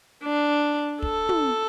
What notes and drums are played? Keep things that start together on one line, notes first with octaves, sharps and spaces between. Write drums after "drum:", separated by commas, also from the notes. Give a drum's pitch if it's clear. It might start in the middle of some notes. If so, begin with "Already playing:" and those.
D4
A4, drum: kick
drum: tom